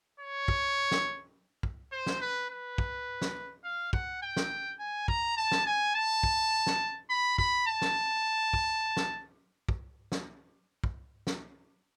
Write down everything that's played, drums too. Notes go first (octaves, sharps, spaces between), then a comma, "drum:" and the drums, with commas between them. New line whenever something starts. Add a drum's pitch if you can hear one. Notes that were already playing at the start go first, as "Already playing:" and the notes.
C#5
drum: kick
drum: snare
drum: kick
C5
drum: snare
B4
B4
drum: kick
drum: snare
F5
F#5, drum: kick
G5
drum: snare
G#5
A#5, drum: kick
A5
drum: snare
G#5
A5
drum: kick
drum: snare
B5
B5, drum: kick
A5
drum: snare
drum: kick
drum: snare
drum: kick
drum: snare
drum: kick
drum: snare